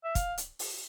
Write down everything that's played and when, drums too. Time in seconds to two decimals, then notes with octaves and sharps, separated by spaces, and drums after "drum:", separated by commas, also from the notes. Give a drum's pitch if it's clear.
0.04 E5
0.15 F5, drum: kick, hi-hat
0.38 drum: hi-hat
0.59 drum: open hi-hat